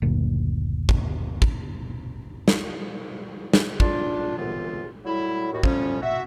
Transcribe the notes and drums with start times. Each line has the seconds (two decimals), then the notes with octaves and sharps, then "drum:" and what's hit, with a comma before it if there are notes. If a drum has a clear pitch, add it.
0.02 F#1 D2 A#2
0.89 drum: kick
1.42 drum: kick
2.48 drum: snare
3.53 drum: snare
3.80 D4 F4, drum: kick
4.37 C2 F#2 D3 E3 B3 F4
5.05 A2 F#3 G3 E4
5.52 D#2 A2 F#4
5.63 A2 F3 G3 C#4, drum: kick
6.02 F#4 E5